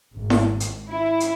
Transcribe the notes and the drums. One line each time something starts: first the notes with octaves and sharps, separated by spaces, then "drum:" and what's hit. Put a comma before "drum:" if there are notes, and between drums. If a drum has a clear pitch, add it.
G#1
drum: snare E4
drum: hi-hat
E4
drum: hi-hat